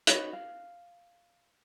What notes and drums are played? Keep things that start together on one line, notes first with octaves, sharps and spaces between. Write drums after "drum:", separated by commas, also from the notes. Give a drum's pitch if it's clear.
D#4 F#4 B4 C#5, drum: hi-hat
F5